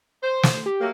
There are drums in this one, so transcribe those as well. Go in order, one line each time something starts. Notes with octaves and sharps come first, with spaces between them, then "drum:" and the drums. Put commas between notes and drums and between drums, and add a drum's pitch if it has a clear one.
C5
drum: snare
G4
F#3 A3 A#3